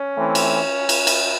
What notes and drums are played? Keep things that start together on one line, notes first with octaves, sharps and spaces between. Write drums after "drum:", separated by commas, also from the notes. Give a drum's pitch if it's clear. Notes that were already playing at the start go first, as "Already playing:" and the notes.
Already playing: C#4
E3 A3 C4
drum: cymbal
drum: cymbal
drum: cymbal